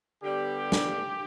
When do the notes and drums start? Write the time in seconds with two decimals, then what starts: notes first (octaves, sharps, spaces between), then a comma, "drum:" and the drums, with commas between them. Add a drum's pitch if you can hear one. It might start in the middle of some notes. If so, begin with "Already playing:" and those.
0.23 D3 G3 B3 G4
0.72 drum: snare